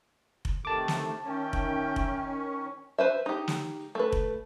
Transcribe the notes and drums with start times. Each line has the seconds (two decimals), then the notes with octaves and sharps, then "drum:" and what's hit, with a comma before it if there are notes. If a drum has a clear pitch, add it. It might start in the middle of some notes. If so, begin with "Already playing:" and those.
0.45 drum: kick F1
0.65 C3 D#3 A3 A5 D6
0.88 drum: snare
1.24 D#3 C#4 E5 G5
1.53 drum: kick F1
1.96 drum: kick F1
2.30 C#6
2.98 B4 C5 E5
3.26 D#4 G4
3.48 drum: snare
3.95 A3 B4
4.12 drum: kick F1